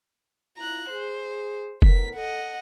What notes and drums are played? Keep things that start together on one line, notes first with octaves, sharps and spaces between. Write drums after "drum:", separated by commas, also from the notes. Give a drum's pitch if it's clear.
E4 F4 A#5 F#6
G#4 C5
A2 B3 A#4 B6, drum: kick F1
A4 D#5 F#5